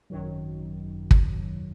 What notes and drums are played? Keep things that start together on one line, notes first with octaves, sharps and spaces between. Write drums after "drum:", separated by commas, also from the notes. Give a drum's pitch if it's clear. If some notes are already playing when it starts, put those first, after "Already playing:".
G#1 F#2 D#3 F#3
drum: kick